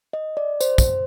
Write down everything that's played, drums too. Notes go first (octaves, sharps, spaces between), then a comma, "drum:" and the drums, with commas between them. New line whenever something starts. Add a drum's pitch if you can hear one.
D#5
D5
C5, drum: tambourine
drum: kick, tambourine